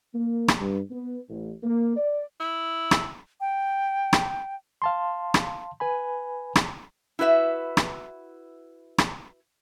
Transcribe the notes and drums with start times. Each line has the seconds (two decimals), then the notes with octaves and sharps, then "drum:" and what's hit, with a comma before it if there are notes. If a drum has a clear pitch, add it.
0.14 A#3
0.48 drum: rim click
0.59 G2
0.90 B3
1.29 A1
1.63 A#3
1.96 D5
2.40 E4
2.91 drum: rim click
3.41 G5
4.13 drum: rim click
4.82 F5 A5 C6
5.34 drum: rim click
5.80 B4 G#5 B5
6.56 drum: rim click
7.19 E4 F#4 B4 E5
7.77 drum: rim click
8.98 drum: rim click